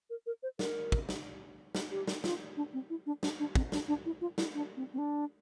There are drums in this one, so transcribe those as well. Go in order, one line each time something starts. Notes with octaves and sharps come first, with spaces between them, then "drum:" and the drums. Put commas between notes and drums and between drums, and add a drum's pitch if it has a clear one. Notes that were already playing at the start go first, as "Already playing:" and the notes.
A#4
A#4
C5
A#4, drum: snare
drum: kick
drum: snare
drum: snare
G4
drum: snare
F4, drum: snare
D4
C4
E4
D4
D4, drum: snare
D4
C4, drum: kick
D4, drum: snare
D4
E4
F4
E4, drum: snare
D4
C4
C4
D4